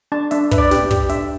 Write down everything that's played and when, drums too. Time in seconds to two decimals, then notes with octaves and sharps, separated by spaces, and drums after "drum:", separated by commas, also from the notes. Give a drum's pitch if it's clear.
0.12 D4 A5
0.31 D4 E5, drum: hi-hat
0.51 B4 E5, drum: kick, hi-hat
0.58 D5
0.71 G4, drum: snare
0.84 D5
0.91 G4, drum: kick, hi-hat
1.09 D4 E5, drum: hi-hat